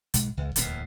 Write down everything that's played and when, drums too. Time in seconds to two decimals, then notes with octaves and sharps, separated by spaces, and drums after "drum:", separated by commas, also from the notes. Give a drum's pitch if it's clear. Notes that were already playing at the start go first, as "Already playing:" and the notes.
0.14 B1 G#2, drum: hi-hat
0.37 C#2
0.56 D1 E2 A2 A#3, drum: hi-hat